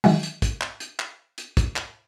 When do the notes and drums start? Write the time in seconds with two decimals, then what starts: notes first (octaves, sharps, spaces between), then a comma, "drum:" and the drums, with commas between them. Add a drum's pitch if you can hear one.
0.04 D#3 E3 F#3 G#3, drum: open hi-hat
0.23 drum: hi-hat
0.42 drum: kick, hi-hat
0.61 drum: clap
0.80 drum: hi-hat
1.00 drum: clap
1.38 drum: hi-hat
1.57 drum: kick, hi-hat
1.76 drum: clap